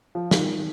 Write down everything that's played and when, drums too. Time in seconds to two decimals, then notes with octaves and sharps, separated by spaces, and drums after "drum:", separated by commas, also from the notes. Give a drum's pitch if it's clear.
0.15 F3
0.31 D#3, drum: snare